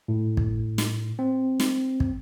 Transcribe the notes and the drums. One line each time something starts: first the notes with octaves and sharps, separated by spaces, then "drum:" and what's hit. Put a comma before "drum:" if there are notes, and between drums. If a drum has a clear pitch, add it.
A2
drum: kick
drum: snare
C4
drum: snare
drum: kick